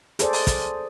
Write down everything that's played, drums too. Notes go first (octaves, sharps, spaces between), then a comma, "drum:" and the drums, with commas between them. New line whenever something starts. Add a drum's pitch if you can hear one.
G#4 A4 C5 D5, drum: hi-hat
drum: open hi-hat
drum: kick, hi-hat